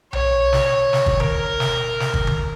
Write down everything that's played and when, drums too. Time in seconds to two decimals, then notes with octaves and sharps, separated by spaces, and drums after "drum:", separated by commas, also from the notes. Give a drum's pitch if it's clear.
0.13 C#5, drum: tom B1
0.53 drum: snare
0.65 C#5
0.93 drum: snare
1.06 drum: kick
1.20 A#4, drum: tom D3
1.60 drum: snare
2.00 drum: snare
2.14 drum: kick
2.27 drum: tom D3